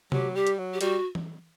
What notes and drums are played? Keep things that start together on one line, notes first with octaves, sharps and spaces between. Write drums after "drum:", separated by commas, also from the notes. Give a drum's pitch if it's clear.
F#3 G4, drum: tom C3
G3 G4
drum: hi-hat
F#3
G4
G3 F#4, drum: hi-hat
drum: tom E3